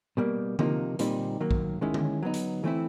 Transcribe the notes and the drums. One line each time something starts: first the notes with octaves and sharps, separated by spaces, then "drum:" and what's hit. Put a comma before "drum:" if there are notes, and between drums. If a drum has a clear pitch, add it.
B2 G3 A#3
C3 F3 A#3 D#4, drum: tom D3
A#2 G3 C4 D#4, drum: hi-hat
D#3 F#3 A#3
drum: kick A#1
D#3 G#3 C#4 E4
drum: tom D3
F#3 B3 D#4
drum: hi-hat
E3 A3 C4 E4